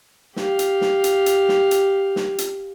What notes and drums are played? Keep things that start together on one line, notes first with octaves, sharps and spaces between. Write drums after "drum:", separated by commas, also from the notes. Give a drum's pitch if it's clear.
G4 F5, drum: snare
drum: hi-hat
drum: snare
drum: hi-hat
drum: hi-hat
drum: snare
drum: hi-hat
drum: snare
drum: hi-hat